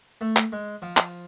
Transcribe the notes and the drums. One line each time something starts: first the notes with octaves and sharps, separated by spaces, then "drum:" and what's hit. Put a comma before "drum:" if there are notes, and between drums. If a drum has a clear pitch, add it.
A3
drum: clap
G#3
F3
drum: clap